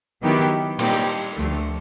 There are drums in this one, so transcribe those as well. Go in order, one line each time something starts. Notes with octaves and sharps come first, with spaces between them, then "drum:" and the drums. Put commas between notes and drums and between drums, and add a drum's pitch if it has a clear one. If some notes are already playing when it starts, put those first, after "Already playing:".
D#3 F#3 B3 E4 G4
A#2 G3 C4 D#4 G4, drum: cymbal
D2 D3 F3 A3